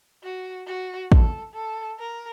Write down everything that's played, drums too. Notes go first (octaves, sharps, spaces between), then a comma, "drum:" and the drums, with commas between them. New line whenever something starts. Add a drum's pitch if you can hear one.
F#4
F#4
A4, drum: kick
A4
A#4